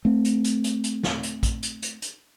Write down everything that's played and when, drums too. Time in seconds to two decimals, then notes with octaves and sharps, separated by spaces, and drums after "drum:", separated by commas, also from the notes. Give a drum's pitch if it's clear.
0.05 A3 C4
0.25 drum: hi-hat
0.44 drum: hi-hat
0.64 drum: hi-hat
0.84 drum: hi-hat
1.03 drum: snare
1.23 drum: hi-hat
1.43 drum: kick, hi-hat
1.63 drum: hi-hat
1.82 drum: hi-hat
2.02 drum: hi-hat